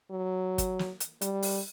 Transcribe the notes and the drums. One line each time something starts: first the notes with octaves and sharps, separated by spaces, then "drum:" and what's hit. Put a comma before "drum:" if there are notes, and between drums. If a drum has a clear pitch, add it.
F#3
drum: kick, hi-hat
drum: snare
drum: hi-hat
G3, drum: hi-hat
drum: open hi-hat